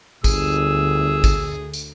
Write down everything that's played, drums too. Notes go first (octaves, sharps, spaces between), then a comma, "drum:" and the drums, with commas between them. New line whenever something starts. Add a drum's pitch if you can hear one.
G1 D2 G#4 E6, drum: kick G#1, tambourine
drum: kick G#1, tambourine
drum: tambourine